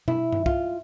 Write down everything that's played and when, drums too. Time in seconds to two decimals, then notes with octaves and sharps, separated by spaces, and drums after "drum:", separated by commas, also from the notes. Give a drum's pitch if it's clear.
0.08 E4, drum: tom B2
0.32 drum: tom G2
0.46 F4, drum: kick